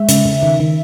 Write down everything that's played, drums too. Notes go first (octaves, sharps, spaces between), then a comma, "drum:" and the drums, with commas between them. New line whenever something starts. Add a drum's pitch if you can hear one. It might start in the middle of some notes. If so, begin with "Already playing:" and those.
Already playing: G#3 E5
C#3, drum: hi-hat
C#3
D#3
D#3